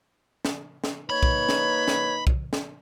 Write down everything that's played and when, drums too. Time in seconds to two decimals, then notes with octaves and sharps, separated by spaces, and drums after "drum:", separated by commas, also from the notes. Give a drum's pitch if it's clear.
0.45 drum: snare
0.84 drum: snare
1.10 A#3 D#4 B4 C#5 B5
1.23 drum: kick B1
1.49 drum: snare
1.88 drum: snare
2.27 drum: kick B1
2.53 drum: snare